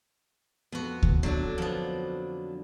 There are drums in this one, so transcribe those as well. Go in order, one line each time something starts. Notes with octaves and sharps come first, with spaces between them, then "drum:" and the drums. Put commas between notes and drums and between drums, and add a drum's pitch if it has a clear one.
F2 B3 F#4
drum: kick D2
D3 F#3 D4
F3 B3